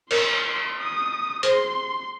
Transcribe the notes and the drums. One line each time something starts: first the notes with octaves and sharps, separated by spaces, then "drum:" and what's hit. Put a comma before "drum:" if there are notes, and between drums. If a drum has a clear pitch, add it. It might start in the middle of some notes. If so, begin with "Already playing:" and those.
A#4 C#5 C6, drum: cymbal
D#6
G#4 C5 C6, drum: hi-hat